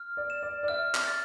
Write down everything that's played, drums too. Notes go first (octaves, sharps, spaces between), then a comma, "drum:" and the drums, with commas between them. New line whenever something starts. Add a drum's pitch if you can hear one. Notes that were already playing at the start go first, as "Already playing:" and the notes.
Already playing: F6
D5
E7
D5
D5
E5 F6
drum: clap
A6